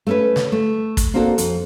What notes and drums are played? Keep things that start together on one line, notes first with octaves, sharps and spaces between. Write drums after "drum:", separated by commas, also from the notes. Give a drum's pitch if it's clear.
A3 C#4 B4
drum: snare
A3
drum: kick, hi-hat
A#3 C4 D4 F#4 A4
F2, drum: hi-hat